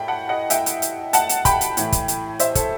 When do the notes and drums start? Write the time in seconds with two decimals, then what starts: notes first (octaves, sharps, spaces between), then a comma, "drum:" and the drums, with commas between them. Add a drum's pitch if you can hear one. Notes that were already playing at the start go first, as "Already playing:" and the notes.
Already playing: A2 G5 B5
0.08 F#5 A5
0.29 D#5 F#5
0.50 E5 G5, drum: hi-hat
0.66 drum: hi-hat
0.82 drum: hi-hat
1.13 F#5 A5, drum: hi-hat
1.29 drum: hi-hat
1.45 G5 B5, drum: kick, hi-hat
1.61 drum: hi-hat
1.77 A2 E3, drum: hi-hat
1.92 drum: kick, hi-hat
2.08 drum: hi-hat
2.39 C5 E5, drum: hi-hat
2.55 A4 C5, drum: kick, hi-hat